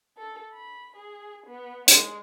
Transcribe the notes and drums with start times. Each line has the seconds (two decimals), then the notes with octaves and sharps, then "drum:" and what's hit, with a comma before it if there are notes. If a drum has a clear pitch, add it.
0.16 A4
0.52 B5
0.96 G#4
1.46 B3
1.88 G#3, drum: hi-hat